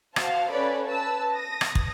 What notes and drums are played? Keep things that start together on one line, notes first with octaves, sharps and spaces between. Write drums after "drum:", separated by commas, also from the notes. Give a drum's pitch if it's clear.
F#4 C5 F5 A5, drum: rim click
C#4 A4 B4 C#5 D5 B5
B4 A5 E6
D#6 A#6
drum: rim click
drum: kick